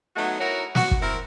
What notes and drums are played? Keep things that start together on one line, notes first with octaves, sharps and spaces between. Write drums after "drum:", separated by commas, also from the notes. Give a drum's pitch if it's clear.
F#3 A3 B3 D#4 F#4
D#4 E4 F#4 A#4 C#5
F#4, drum: snare
drum: kick
C4 E4 A#4